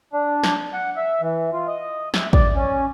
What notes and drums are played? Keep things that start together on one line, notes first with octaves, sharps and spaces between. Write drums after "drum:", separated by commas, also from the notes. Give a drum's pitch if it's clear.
D4
drum: snare
F#5
E5
E3
F4
D#5
E5, drum: snare
D5, drum: kick A1
C#4